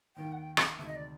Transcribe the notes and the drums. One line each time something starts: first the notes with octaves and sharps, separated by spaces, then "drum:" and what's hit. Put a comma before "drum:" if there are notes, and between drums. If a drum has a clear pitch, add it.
D#2 D#3 G3 G5
F#5
G5
E5, drum: rim click
D2 C3 D#3 G#3 E5
D#5
D5